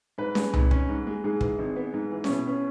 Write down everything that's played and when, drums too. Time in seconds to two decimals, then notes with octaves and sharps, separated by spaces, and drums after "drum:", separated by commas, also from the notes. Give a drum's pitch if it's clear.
0.18 G#2 B4
0.35 G#3, drum: snare C#4
0.54 G#1, drum: tom C2
0.71 C#4, drum: kick
0.89 G#2
1.07 G#3
1.24 G#2 G#4
1.41 E3, drum: kick
1.58 G#1
1.76 B3
1.94 G#2
2.11 E3
2.24 C#4, drum: snare C#4
2.29 B2 E4
2.47 B3 C#4